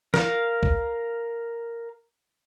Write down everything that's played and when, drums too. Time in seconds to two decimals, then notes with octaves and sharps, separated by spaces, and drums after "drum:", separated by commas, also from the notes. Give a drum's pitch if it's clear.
0.14 A#4 F5, drum: snare
0.63 drum: kick